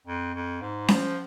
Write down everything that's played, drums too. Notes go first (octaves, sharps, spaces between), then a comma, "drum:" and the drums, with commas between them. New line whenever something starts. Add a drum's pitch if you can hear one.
F2
F2
G#2
F3, drum: snare C#4